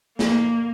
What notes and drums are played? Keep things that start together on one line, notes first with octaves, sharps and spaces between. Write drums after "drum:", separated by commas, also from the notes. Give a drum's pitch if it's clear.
A#3, drum: snare